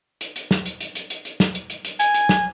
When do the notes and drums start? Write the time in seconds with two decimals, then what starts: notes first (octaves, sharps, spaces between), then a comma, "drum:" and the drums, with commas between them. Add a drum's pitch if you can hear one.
0.21 drum: hi-hat
0.36 drum: hi-hat
0.51 drum: snare
0.66 drum: hi-hat
0.80 drum: hi-hat
0.95 drum: hi-hat
1.10 drum: hi-hat
1.25 drum: hi-hat
1.40 drum: snare
1.55 drum: hi-hat
1.70 drum: hi-hat
1.85 drum: hi-hat
2.00 G#5, drum: hi-hat
2.14 drum: hi-hat
2.29 drum: snare